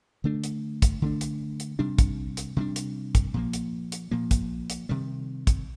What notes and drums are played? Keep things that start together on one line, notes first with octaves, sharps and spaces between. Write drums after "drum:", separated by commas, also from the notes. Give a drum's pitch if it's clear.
D3 A3 D4
drum: hi-hat
drum: kick, hi-hat
D3 A3 D4
drum: hi-hat
drum: hi-hat
C3 G3 D4
drum: kick, hi-hat
drum: hi-hat
C3 G3 D4
drum: hi-hat
drum: kick, hi-hat
A#2 F3 A#3
drum: hi-hat
drum: hi-hat
A#2 F3 A#3
drum: kick, hi-hat
drum: hi-hat
C3 D#3 G3
drum: kick, hi-hat